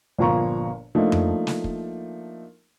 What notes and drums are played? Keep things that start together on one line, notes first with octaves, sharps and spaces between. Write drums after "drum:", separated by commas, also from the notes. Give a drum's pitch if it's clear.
G1 A#2 F3 A#3 A#5 C#6
F3 A3 A#3 D4 D#4
drum: tom F2
drum: snare
drum: kick